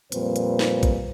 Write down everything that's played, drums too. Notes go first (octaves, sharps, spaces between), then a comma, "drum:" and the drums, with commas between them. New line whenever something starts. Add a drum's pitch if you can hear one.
F2 A#2 G3 C4 B4 C5, drum: hi-hat
drum: hi-hat
drum: snare
drum: kick A#1, hi-hat